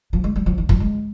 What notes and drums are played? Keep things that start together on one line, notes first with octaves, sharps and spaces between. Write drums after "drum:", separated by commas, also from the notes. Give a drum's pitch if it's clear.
F3
G#3
G3
F3
E3
F3, drum: kick
G#3